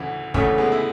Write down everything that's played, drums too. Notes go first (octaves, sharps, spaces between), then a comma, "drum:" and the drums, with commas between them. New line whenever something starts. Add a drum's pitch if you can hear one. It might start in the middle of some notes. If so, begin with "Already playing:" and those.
Already playing: D2 C#3 E3
D2 C#3 E3 A3 C#4, drum: kick
G#3 B3
E4